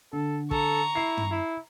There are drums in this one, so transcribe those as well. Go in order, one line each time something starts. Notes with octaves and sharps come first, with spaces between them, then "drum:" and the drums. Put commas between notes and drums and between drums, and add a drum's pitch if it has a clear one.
D3 A4
A4 A#5 C#6, drum: kick
E4 C7
drum: tom
E4